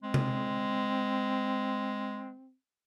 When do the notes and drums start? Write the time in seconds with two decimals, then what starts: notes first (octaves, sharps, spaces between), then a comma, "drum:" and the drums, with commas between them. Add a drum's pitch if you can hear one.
0.03 G#3 C4
0.14 drum: tom C3